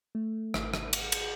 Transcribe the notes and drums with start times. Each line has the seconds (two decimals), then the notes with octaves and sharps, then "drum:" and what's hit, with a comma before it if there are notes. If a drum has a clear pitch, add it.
0.15 A3
0.54 G#1, drum: rim click
0.74 drum: rim click
0.93 drum: cymbal
1.12 drum: cymbal